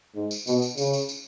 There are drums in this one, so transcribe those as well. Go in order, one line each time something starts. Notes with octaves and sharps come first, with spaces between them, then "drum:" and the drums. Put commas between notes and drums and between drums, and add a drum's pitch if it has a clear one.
G#2
drum: tambourine
B2, drum: tambourine
drum: tambourine
C#3, drum: tambourine
drum: tambourine
drum: tambourine